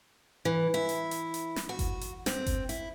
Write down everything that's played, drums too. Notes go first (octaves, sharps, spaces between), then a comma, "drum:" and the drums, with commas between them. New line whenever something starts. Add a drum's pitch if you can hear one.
E3
E4
drum: hi-hat
drum: hi-hat
drum: hi-hat
drum: snare
F#4
drum: kick G1, hi-hat
drum: hi-hat
C4, drum: snare
drum: kick G1, hi-hat
E4, drum: hi-hat